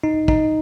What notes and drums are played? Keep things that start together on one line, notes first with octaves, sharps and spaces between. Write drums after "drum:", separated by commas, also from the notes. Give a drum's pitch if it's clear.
D#4
D#4, drum: kick